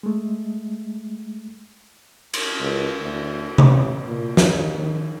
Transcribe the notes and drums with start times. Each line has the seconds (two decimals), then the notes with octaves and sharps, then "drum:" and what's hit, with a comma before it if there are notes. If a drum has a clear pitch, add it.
0.03 G#3 A3
2.34 drum: cymbal
2.60 C#2
3.00 D2
3.58 A1, drum: tom C3
4.07 A#2
4.37 D#2, drum: snare
4.79 D#3